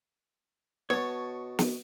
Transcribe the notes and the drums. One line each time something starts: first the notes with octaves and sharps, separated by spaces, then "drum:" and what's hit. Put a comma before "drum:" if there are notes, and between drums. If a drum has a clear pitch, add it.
B2 C#5 A5
drum: snare